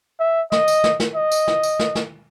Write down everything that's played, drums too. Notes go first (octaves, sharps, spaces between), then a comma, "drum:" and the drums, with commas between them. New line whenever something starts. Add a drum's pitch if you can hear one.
E5
D#5, drum: snare
drum: tambourine
drum: snare
drum: snare
D#5
drum: tambourine
drum: snare
drum: tambourine
drum: snare
drum: snare